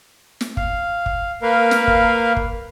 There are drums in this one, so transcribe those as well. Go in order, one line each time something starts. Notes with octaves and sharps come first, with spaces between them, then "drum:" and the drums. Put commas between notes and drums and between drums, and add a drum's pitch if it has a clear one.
drum: snare
F5, drum: kick
drum: kick
A#3 A#4 B4 F5
drum: snare
drum: kick
drum: kick